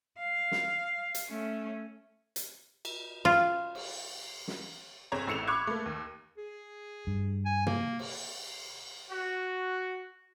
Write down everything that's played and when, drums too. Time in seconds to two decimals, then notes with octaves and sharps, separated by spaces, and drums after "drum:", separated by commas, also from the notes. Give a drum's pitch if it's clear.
0.18 F5
0.52 drum: snare
1.15 drum: hi-hat
1.28 A3 C#4
2.36 drum: hi-hat
2.85 drum: cymbal
3.25 F4
3.75 drum: cymbal
4.48 drum: snare
5.12 G1 C4 G#4 C#5 A#5
5.27 A1 A2 E6 C#7 E7 F7
5.47 B5 C#6 D6 F#6 G#6 C#7
5.67 A3 A#3
5.86 D#2
6.38 G#4
7.07 G2
7.46 G#5
7.67 A#3, drum: tom
7.99 drum: cymbal
9.10 F#4